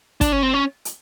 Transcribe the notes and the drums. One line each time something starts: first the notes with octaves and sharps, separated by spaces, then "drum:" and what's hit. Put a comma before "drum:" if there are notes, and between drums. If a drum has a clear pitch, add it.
D4, drum: kick, hi-hat
C#4
C4
C#4
drum: hi-hat